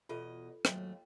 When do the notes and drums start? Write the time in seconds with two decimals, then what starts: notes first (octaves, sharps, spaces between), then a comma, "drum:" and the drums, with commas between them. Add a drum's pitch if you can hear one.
0.09 E2 B2 F4 A4 D#5
0.65 D#2 G#2 F#3 A3 G5, drum: rim click